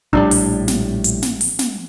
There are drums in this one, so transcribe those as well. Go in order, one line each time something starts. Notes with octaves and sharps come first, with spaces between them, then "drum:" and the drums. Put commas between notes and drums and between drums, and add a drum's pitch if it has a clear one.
A#1 A2 G3 D4
drum: open hi-hat
drum: snare
drum: hi-hat
drum: snare
drum: open hi-hat
drum: snare